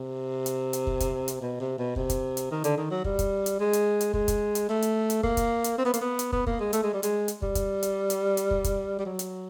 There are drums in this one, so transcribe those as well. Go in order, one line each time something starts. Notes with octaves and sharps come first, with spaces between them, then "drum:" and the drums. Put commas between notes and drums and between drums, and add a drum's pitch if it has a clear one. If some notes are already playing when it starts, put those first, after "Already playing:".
Already playing: C3
drum: hi-hat
drum: hi-hat
drum: kick
drum: kick, hi-hat
drum: hi-hat
B2
C3
B2
C3, drum: kick
drum: kick, hi-hat
drum: hi-hat
D#3
D3, drum: hi-hat
D#3
F#3
G3, drum: kick
drum: kick, hi-hat
drum: hi-hat
G#3
drum: hi-hat
drum: hi-hat
G#3, drum: kick
drum: kick, hi-hat
drum: hi-hat
A3
drum: hi-hat
drum: hi-hat
A#3, drum: kick
drum: kick, hi-hat
drum: hi-hat
C4
B3
A#3, drum: hi-hat
B3
drum: hi-hat
B3, drum: kick
A#3, drum: kick
G#3
A3, drum: hi-hat
G#3
G3
G#3, drum: hi-hat
drum: hi-hat
G3, drum: kick
drum: kick, hi-hat
drum: hi-hat
drum: hi-hat
drum: hi-hat
drum: kick
drum: kick, hi-hat
G3
F#3
drum: hi-hat